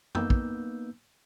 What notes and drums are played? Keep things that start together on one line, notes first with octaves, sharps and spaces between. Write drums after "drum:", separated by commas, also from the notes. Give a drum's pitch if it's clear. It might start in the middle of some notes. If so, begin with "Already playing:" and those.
A#3 B3 D#4 B4 E6 G6, drum: tom F#2
drum: kick